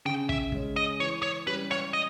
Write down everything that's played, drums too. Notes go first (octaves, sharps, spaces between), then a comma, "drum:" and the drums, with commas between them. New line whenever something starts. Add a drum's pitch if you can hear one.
C#3 G5
E5, drum: kick
G#3 C#4, drum: kick
D#5
E3 C#5
C#5
G3 C#4 B4
C#5, drum: rim click
D#5